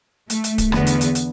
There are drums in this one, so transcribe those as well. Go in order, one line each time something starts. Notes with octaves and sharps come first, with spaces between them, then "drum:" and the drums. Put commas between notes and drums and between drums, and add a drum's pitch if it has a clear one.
A3, drum: hi-hat
drum: hi-hat
drum: kick D1, hi-hat
E2 D3 B3, drum: rim click
drum: hi-hat
drum: hi-hat
drum: hi-hat